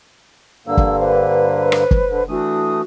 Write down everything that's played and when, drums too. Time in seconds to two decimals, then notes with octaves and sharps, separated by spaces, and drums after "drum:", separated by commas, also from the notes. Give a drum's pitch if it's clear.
0.67 G2 D3 A#3 E6
0.77 drum: kick
0.99 B4 C5
1.72 drum: rim click
1.91 drum: kick
2.10 D3
2.29 E3 A3 D4 F#4 D#6